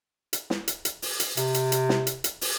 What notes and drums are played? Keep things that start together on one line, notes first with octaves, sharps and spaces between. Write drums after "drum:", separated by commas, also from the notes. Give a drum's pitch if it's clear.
drum: hi-hat
drum: snare
drum: hi-hat
drum: hi-hat
drum: open hi-hat
drum: hi-hat
C3, drum: hi-hat
drum: hi-hat
drum: hi-hat
drum: snare
drum: hi-hat
drum: hi-hat
drum: open hi-hat